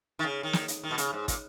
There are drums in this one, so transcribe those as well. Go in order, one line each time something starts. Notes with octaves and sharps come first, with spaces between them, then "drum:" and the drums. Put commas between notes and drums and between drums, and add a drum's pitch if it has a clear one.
D#3
C#3
D#3
drum: snare
drum: hi-hat
D#3
B2
C#3, drum: hi-hat
G#2
A#2, drum: kick, hi-hat